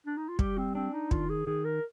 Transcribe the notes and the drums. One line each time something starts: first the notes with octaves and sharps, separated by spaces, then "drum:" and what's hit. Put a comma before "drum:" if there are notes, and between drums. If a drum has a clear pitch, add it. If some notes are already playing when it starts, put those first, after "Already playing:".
D4
D#4
F4
G3 G4, drum: kick
C4
C4 D4
D#4
D#3 F4, drum: kick
G#4
D#3 G#4
A#4